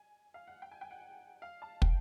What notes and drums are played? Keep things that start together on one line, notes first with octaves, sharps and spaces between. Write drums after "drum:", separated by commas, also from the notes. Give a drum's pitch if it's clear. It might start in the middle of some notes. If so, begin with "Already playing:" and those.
Already playing: G#5
F5
F#5
G5
G#5
G5
F#5
F5
A5
G5, drum: kick